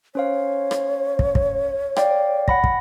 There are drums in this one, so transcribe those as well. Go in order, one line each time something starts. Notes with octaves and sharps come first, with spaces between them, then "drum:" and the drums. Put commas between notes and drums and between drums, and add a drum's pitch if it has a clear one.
C#4 C5 C#5 F5
drum: rim click
drum: kick
drum: kick
D5 F5 G5, drum: rim click
F#5 B5 A#6, drum: kick
drum: kick